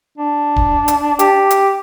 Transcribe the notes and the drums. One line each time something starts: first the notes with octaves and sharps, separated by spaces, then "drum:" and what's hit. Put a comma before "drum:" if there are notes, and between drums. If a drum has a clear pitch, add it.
D4
drum: kick D1
drum: hi-hat
G4, drum: hi-hat
drum: hi-hat